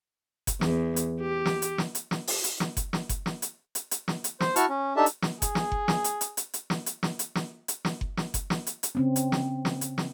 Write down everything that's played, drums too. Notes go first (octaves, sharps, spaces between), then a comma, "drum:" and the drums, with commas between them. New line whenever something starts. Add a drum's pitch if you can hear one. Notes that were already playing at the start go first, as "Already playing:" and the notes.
drum: kick F#1, hi-hat
E2, drum: snare
drum: hi-hat
G4
drum: snare
drum: hi-hat
drum: snare
drum: hi-hat
drum: snare
drum: open hi-hat
drum: hi-hat
drum: snare
drum: kick F#1, hi-hat
drum: snare
drum: kick F#1, hi-hat
drum: snare
drum: hi-hat
drum: hi-hat
drum: hi-hat
drum: snare
drum: hi-hat
C5, drum: snare
E4 F#4 A5 C#6 F6, drum: hi-hat
C#4
D4 D#4 G4 A4 E5 A5
drum: hi-hat
drum: snare
G#4, drum: kick F#1, hi-hat
drum: snare
drum: kick F#1
drum: snare
drum: hi-hat
drum: hi-hat
drum: hi-hat
drum: hi-hat
drum: snare
drum: hi-hat
drum: snare
drum: hi-hat
drum: snare
drum: hi-hat
drum: snare
drum: kick F#1
drum: snare
drum: kick F#1, hi-hat
drum: snare
drum: hi-hat
drum: hi-hat
C#3 C4 C#4
drum: hi-hat
drum: snare
drum: snare
drum: hi-hat
drum: snare